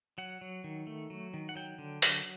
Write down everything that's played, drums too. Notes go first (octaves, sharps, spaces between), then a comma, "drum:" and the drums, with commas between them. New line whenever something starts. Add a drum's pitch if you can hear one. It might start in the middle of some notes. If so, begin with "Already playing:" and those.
F#3 F#5
F#3
D#3
A3
F#3
D#3
F#5
F#3 G5
D3
F#3, drum: open hi-hat